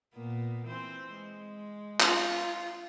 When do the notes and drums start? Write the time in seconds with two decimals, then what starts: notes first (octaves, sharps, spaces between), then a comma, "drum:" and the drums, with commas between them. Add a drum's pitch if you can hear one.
0.14 A#2 A#3 B3
0.66 E3 C4 C5
1.13 G#3
2.00 F4, drum: clap